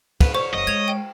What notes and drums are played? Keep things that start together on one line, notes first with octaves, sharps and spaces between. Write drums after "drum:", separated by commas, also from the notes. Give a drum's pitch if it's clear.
B4, drum: kick, cymbal
C5 C#5
F#1 D#5
G#3 G#6 E7 F7
G5